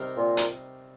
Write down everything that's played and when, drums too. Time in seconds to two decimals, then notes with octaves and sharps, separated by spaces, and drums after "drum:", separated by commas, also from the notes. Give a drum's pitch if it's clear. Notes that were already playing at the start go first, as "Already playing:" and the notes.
Already playing: C3 G3 D#4 A#4 D#5
0.17 A#2
0.37 drum: hi-hat